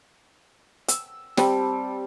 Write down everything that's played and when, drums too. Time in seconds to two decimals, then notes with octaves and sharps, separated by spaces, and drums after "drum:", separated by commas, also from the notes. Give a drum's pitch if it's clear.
0.88 E6, drum: hi-hat
1.37 G3 C4 A5, drum: snare